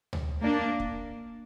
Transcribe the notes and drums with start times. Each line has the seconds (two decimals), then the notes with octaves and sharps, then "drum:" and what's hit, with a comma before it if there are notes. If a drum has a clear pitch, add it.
0.13 drum: tom D2
0.41 A#3 D4
0.80 drum: kick